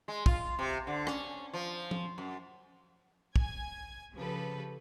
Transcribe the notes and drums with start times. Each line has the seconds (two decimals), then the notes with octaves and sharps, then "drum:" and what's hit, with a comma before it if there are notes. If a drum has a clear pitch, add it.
0.08 G#3
0.26 F4, drum: kick
0.59 C3
0.87 D3
1.07 C#4, drum: rim click
1.54 F3
1.91 drum: tom F3
2.18 F#2
3.36 G#5 G#6, drum: kick
4.13 C#3 F3 G4 A4 B4